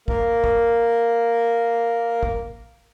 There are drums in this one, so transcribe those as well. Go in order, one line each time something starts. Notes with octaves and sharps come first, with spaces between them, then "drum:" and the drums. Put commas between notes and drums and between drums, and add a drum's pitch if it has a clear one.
A#3 A#4, drum: kick
drum: kick
drum: kick